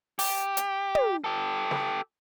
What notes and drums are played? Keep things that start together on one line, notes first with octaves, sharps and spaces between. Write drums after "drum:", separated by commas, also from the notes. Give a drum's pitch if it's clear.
G4, drum: open hi-hat
drum: hi-hat
drum: tom
G4 A4
drum: snare